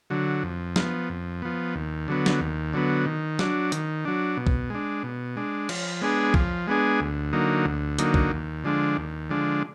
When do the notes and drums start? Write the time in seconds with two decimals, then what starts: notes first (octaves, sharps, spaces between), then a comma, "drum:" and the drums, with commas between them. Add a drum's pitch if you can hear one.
0.10 D3 F#3
0.43 F2
0.76 F3 B3, drum: snare
1.09 F2
1.42 F3 B3
1.75 D#2
2.08 D3 F#3 B3
2.26 drum: snare
2.41 D#2
2.73 D3 F#3 B3
3.06 D#3
3.39 F#3 D4, drum: snare
3.72 D#3, drum: hi-hat
4.05 F#3 D4
4.37 B2
4.47 drum: kick B1
4.70 G#3 D4
5.03 B2
5.36 G#3 D4
5.69 F3, drum: cymbal
6.01 G#3 B3 D4 G#4
6.34 F3, drum: kick B1
6.68 G#3 B3 D4 G#4
7.00 D2
7.33 D3 F#3 A#3 D#4
7.66 D2
7.99 D3 F#3 A#3 D#4, drum: hi-hat
8.14 drum: kick B1
8.31 D#2
8.64 D3 F3 G#3 D4
8.97 D#2
9.30 D3 F3 G#3 D4